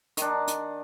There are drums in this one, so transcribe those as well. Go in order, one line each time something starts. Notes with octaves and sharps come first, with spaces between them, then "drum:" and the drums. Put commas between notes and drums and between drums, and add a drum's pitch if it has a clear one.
D#3 D4, drum: hi-hat
drum: hi-hat